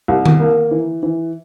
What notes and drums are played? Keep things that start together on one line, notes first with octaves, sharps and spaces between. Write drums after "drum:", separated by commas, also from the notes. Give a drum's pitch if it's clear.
C2
drum: tom D#3
A#3
E3
E3